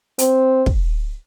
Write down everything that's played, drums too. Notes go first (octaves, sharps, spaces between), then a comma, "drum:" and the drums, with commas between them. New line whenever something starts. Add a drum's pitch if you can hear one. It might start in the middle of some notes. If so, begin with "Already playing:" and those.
C4, drum: hi-hat
drum: kick